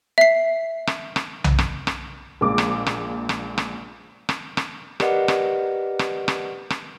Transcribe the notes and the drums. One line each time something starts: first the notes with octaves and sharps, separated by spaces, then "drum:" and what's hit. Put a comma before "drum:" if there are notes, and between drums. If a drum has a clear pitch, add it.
E5 C7
drum: rim click
drum: rim click
drum: tom B1
drum: rim click
drum: rim click
A#1 G#3 A#3 D6
drum: rim click
drum: rim click
drum: rim click
drum: rim click
drum: rim click
drum: rim click
G4 A#4 B4 D5 D#5 F#5, drum: rim click
drum: rim click
drum: rim click
drum: rim click
drum: rim click